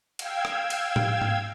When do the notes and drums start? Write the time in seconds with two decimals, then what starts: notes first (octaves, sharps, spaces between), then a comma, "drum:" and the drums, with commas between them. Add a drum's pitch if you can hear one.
0.19 F5 G5 E6 G#6, drum: cymbal
0.45 drum: rim click
0.70 drum: cymbal
0.96 drum: tom A2
1.22 drum: tom G#2